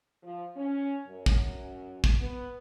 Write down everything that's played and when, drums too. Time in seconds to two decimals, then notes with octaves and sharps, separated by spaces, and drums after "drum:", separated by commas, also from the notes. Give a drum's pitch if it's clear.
0.23 F3
0.55 C#4
1.07 F#2
1.26 drum: kick
2.04 drum: kick
2.19 B3